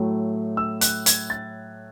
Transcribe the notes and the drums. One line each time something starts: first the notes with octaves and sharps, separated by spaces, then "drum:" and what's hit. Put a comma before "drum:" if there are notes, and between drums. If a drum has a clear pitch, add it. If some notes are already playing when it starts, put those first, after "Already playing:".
Already playing: A2 F#3 A3
E6
F#6, drum: hi-hat
G#6, drum: hi-hat
A6